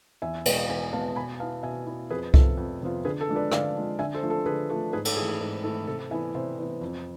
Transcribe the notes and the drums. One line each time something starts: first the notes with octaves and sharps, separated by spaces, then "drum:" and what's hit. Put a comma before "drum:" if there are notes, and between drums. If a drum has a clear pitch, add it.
E2 E5 G#5
B2 G#3 B3, drum: cymbal
E2 E5 G#5
B2 G#3 B3 F5 A5
B2 G#5 B5
B3 E4 F5 A5
B2 E5 G#5
B3 E4
F2 G#4 B4
C3 F3 B3 F4 A4, drum: kick C2
F2
C3 F3 B3 F4
D3 G#4 B4
A4
F3 G#3 D4
B4 D5
D3 D5 F5, drum: rim click
F3 G#3 D4
D3 E5 G#5
A4 C5
F3 A3 D4
A4 C5
D3 G#4 B4
F3 A3 D4 A4
G#2 G#4 B4
A4, drum: cymbal
E3 A3 E4 G#4
G#4
G#2 A4
E3 A3 E4 A4
C3 A4
E3 B3 E4 E5 G#5
C3 C5 E5
E3 B3 E4
F2